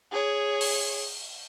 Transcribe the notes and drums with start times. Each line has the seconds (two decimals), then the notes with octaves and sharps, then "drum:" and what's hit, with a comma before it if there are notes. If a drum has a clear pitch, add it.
0.12 G#4 C#5
0.61 drum: open hi-hat